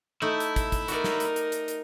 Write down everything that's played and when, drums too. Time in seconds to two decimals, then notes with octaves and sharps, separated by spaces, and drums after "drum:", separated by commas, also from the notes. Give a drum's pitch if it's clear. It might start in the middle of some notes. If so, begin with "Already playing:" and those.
0.22 A3 D#4 E4
0.40 drum: hi-hat
0.56 drum: kick, hi-hat
0.72 drum: kick, hi-hat
0.88 D#4 F#4 A#4 D5, drum: hi-hat
1.04 drum: snare
1.20 drum: hi-hat
1.36 drum: hi-hat
1.52 drum: hi-hat
1.68 drum: hi-hat